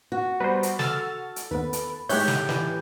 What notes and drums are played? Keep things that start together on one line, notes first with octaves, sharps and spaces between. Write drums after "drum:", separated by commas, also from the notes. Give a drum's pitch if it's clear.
F#4
G3 B3 B4 C5 A#5
drum: hi-hat
A4 E6 F6 A6, drum: snare
drum: hi-hat
D#2 B3 B4
drum: hi-hat
A2 G#3 D#4 G4 C#5 E5 F#6 G6, drum: open hi-hat
drum: snare
E3, drum: snare